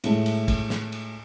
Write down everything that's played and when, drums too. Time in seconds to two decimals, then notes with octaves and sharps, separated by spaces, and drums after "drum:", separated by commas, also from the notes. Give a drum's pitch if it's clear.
0.04 A2 G#3 A3, drum: cymbal
0.26 drum: cymbal
0.48 drum: kick, cymbal
0.70 drum: snare
0.92 drum: cymbal